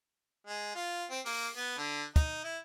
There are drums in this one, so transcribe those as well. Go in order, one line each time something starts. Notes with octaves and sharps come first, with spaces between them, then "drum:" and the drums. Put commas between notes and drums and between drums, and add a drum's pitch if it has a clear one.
G#3
F4
C4
A#3, drum: open hi-hat
B3
D3
D#4, drum: kick, hi-hat
E4